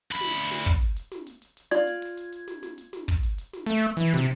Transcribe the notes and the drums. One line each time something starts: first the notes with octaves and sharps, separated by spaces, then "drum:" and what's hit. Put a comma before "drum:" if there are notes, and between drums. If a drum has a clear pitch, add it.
D2 B5
drum: snare
drum: hi-hat
drum: snare
drum: kick, hi-hat
drum: hi-hat
drum: hi-hat
drum: snare
drum: hi-hat
drum: hi-hat
drum: hi-hat
F4 D5 G#6, drum: snare
drum: hi-hat
drum: open hi-hat
drum: hi-hat
drum: hi-hat
drum: snare
drum: snare
drum: hi-hat
drum: snare
drum: kick, hi-hat
drum: hi-hat
drum: hi-hat
drum: snare
A3, drum: hi-hat
drum: hi-hat
E3, drum: hi-hat
C3, drum: snare